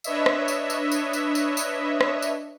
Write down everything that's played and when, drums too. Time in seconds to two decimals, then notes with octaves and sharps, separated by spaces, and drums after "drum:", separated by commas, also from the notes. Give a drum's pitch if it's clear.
0.04 D4 B4 C#5 D#5 E5, drum: tambourine
0.26 drum: rim click
0.48 drum: tambourine
0.70 drum: tambourine
0.92 drum: tambourine
1.13 drum: tambourine
1.35 drum: tambourine
1.57 drum: tambourine
2.01 drum: rim click
2.22 drum: tambourine